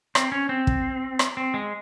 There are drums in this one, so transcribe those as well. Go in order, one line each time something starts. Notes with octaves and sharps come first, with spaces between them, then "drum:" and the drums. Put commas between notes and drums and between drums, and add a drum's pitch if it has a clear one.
C4, drum: rim click
C#4
C4
drum: kick
drum: rim click
C4
G#3